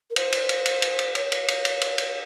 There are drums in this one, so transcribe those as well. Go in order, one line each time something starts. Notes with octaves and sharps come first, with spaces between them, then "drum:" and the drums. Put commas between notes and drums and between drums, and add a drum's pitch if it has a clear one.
A#4
C5, drum: cymbal
drum: cymbal
drum: cymbal
drum: cymbal
drum: cymbal
drum: cymbal
C#5, drum: cymbal
drum: cymbal
drum: cymbal
drum: cymbal
drum: cymbal
drum: cymbal